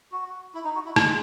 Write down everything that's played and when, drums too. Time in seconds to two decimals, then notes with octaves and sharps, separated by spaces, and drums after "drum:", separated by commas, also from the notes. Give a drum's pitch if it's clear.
0.12 F#4
0.54 E4
0.64 D#4
0.75 F#4
0.85 E4
0.96 G#3, drum: rim click